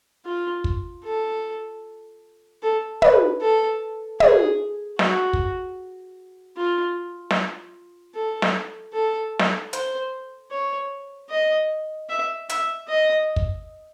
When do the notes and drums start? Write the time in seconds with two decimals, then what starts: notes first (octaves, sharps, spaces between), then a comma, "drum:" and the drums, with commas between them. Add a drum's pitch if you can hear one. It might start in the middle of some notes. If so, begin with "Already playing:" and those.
0.26 F4
0.64 drum: kick
1.04 A4
2.63 A4
3.02 B4, drum: tom
3.41 A4
4.20 G#4, drum: tom
4.99 F#4, drum: snare
5.33 drum: kick
6.57 F4
7.31 drum: snare
8.15 A4
8.42 drum: snare
8.94 A4
9.39 drum: snare
9.73 C5, drum: hi-hat
10.51 C#5
11.30 D#5
12.09 E5
12.49 E5, drum: hi-hat
12.88 D#5
13.36 drum: kick